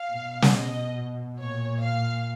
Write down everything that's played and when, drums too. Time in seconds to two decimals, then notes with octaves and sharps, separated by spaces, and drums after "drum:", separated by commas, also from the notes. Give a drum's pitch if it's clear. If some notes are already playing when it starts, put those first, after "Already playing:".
Already playing: F5
0.12 B2
0.42 drum: snare
0.55 D#5
1.39 A#2 C#5
1.82 F5